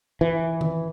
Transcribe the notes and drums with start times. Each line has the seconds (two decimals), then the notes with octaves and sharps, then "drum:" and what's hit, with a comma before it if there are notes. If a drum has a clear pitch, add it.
0.21 E3
0.61 drum: tom D#3